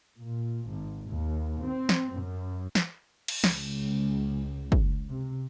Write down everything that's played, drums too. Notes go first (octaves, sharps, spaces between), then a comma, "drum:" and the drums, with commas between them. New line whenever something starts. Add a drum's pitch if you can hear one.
A#2
G#1
D#2
C4
drum: snare
F#2
drum: snare
drum: cymbal
C#2, drum: snare
drum: kick
C3